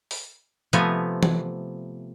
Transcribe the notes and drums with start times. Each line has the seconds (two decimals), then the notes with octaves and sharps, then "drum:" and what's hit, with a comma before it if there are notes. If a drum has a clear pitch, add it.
0.11 drum: open hi-hat
0.73 C3 F3 A3 B3 G#5 A#5, drum: hi-hat
1.23 drum: tom E3